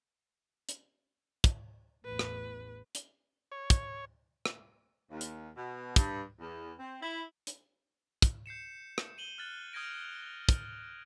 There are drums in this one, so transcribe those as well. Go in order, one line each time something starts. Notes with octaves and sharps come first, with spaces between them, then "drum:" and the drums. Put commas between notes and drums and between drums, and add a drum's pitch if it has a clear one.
drum: hi-hat
drum: kick, hi-hat
A1 E2 B4
drum: rim click
drum: hi-hat
C#5
drum: kick, hi-hat
drum: rim click
D#2
drum: hi-hat
B2
G2, drum: kick, hi-hat
E2
C4
E4
drum: hi-hat
drum: kick, hi-hat
G6 C7 C#7 E7
drum: rim click
D#7 F#7 G7
F6 F#6 A6 F#7
D#6 F6 G6 G#6 A#6 D7
drum: kick, hi-hat